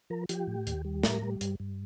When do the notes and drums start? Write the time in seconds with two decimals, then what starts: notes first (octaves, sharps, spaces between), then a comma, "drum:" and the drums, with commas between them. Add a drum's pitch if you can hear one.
0.10 F3 A#4
0.29 F3 G4, drum: hi-hat
0.47 A2
0.67 D#2, drum: hi-hat
0.85 G3
1.03 A2 A#4, drum: snare
1.22 G3
1.41 G2, drum: hi-hat
1.60 G2